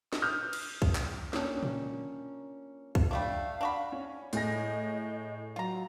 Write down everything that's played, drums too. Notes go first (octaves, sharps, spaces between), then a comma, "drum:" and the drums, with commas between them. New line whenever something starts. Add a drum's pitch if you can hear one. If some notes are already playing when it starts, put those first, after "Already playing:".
drum: snare
D#6 F6 G6
drum: cymbal
drum: kick
drum: clap
A#3 C#4 D4 F4 G5, drum: snare
drum: tom A#2
drum: kick
G3 A3 D4 F5
D4 F#4 B5
C#4
A2 G#4 D#5 A#6, drum: hi-hat
F#3 F4 A#5